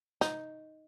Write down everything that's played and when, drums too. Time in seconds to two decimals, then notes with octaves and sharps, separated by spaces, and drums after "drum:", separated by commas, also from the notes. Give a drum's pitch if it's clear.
0.21 D#4, drum: snare